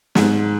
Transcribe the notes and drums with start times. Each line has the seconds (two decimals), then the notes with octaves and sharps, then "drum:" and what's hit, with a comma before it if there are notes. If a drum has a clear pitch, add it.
0.15 G#2, drum: snare